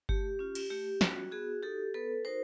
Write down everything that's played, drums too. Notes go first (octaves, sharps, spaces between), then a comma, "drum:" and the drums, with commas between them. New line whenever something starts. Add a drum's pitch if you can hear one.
A3 G4, drum: kick G1
C#4 F4
drum: cymbal
A3 G4
C#4 F4 F#4, drum: snare
B3 F#4 G#4
D#4 F#4 G4 A4
B3 A4 B4
D#4 F#4 A#4 C5